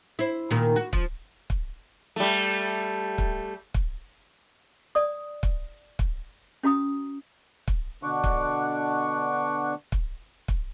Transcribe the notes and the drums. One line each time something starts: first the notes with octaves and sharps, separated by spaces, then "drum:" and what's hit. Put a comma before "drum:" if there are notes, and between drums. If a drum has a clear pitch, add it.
E4 C5
A#2 D#3
F#4
F3, drum: kick
drum: kick
G3 A3
drum: kick
drum: kick
D5 D#6
drum: kick
drum: kick
C#4 F#4 A#5 D#6
drum: kick
B2 D3 D4 F#5 C#6 D6
drum: kick
drum: kick
drum: kick